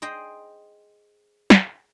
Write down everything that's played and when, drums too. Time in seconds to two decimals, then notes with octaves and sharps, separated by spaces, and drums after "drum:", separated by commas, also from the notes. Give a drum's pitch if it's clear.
0.02 G#4 C5 D#5 G5
1.50 drum: snare